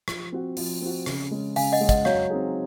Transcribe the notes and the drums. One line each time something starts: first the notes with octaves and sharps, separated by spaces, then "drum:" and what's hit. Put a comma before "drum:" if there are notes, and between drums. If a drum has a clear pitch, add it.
F3, drum: rim click
C4 F#4
F3, drum: open hi-hat
C4 F#4
C#3, drum: rim click
G#3 C#4
C#3 F5 G#5, drum: open hi-hat
D#5 F#5
G#3 C#4
D#5 F#5, drum: kick, hi-hat
F#3 C#5 F5, drum: rim click
C4 D#4 G#4